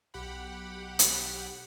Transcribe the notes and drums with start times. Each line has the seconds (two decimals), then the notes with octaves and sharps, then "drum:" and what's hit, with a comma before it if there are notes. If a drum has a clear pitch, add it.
0.14 B1 G4 F#5 B5
0.99 drum: hi-hat